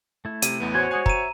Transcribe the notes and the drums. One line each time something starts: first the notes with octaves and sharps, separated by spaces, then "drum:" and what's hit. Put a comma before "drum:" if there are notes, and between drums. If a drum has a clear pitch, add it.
A3 E4
C3 D#7, drum: hi-hat
A1 E2 B3
F#4 C5 C#5 F#5 G#5 C6
G#3 G#4 F#5 G#5 G#6
E5 A#5 D#7, drum: kick